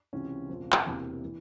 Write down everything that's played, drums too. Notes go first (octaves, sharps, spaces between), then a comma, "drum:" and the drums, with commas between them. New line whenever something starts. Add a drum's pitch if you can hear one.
C#2 C3 E3 C#4
E1 E2 C#3 F3 C4
drum: clap
E1 E2 C3 E3 A#3
E3